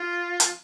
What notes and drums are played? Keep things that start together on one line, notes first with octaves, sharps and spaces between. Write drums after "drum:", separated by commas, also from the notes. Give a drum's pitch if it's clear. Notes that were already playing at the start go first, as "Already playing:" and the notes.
Already playing: F4
drum: hi-hat